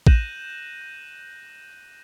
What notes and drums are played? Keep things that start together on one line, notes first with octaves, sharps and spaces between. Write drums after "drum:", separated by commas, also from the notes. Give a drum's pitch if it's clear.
F#6 G6 A#6 D#7 E7 F#7, drum: kick